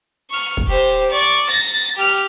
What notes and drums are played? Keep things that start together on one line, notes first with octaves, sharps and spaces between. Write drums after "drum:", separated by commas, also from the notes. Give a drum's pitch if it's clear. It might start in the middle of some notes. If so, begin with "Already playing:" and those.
C#6 F6
drum: kick
G4 C5
D5 C#6
A6 A#6
G4 F6